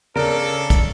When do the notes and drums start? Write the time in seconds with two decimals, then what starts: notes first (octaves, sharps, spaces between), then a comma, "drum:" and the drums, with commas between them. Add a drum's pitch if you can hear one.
0.16 C#3 C#4 D4 A4 A#4 D5
0.70 drum: kick, hi-hat